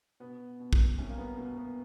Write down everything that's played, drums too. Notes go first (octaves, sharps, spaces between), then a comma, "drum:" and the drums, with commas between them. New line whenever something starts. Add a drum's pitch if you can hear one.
B2 B3
B2
drum: kick
C2 C#4
A#3
B3
B2 A#3
B3